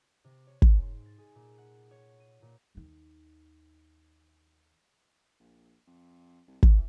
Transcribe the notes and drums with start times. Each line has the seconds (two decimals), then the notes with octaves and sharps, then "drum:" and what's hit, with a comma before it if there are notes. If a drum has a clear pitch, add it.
0.24 C3
0.47 C#5
0.62 G#2, drum: kick
0.83 C6
1.06 A6
1.18 G#4
1.35 A#2
1.58 F#5
1.91 C#5
2.20 D#7
2.42 A#2
2.75 D#2 D#3
5.40 A#1
5.87 F2
6.48 C2
6.63 E3, drum: kick